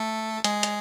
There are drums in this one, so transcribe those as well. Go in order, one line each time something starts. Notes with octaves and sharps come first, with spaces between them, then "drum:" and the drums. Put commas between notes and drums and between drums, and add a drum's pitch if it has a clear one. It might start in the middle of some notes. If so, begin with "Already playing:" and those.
Already playing: A3 A4
G#3 G#4, drum: hi-hat
drum: hi-hat